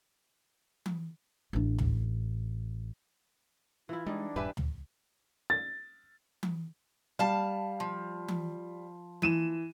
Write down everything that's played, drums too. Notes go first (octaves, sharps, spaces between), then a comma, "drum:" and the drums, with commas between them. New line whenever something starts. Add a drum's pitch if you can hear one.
drum: tom E3
A1 D4
drum: tom
E3 E4 F4
G3 G#3 D4 D#4
D#1 G2 G4 B4 E5 G#5
drum: tom
A6
drum: tom E3
G3 F5 A5
F3
drum: tom E3
E3 D#7 E7, drum: tom E3